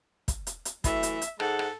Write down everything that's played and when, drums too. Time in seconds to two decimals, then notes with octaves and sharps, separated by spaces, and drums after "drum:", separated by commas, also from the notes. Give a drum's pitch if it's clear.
0.28 drum: kick, hi-hat
0.47 drum: hi-hat
0.65 drum: hi-hat
0.84 E3 F#3 A3 E5, drum: kick, hi-hat
1.03 drum: hi-hat
1.22 drum: hi-hat
1.40 G#2 G#3 A4 F#5, drum: rim click
1.59 drum: rim click